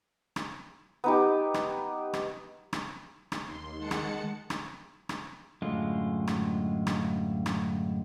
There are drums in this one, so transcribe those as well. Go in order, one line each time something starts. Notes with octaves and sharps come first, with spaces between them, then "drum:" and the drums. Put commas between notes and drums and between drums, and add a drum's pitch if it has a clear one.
drum: rim click
B3 D#4 G4
drum: rim click
drum: rim click
drum: rim click
drum: rim click
D#2 C6
D#3 G#3 F#5 A5 C#7
drum: rim click
drum: rim click
drum: rim click
F#2 A2 D3 G#3 F4
drum: rim click
drum: rim click
drum: rim click